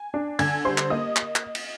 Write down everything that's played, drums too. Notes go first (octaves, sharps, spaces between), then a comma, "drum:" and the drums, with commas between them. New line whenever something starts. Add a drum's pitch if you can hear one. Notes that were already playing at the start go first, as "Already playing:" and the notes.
Already playing: G#5
D4
D3 G#5 G#6, drum: cymbal
G3 C5 C6
drum: clap
A#3 D#5 D#6
drum: clap
drum: clap
drum: cymbal